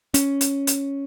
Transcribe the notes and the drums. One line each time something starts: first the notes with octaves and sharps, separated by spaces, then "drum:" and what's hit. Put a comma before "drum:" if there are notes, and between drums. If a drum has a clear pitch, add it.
C#4, drum: hi-hat
drum: hi-hat
drum: hi-hat